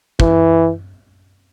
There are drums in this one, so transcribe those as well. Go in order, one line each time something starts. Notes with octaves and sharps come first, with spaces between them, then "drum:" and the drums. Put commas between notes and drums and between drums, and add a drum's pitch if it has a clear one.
E3, drum: kick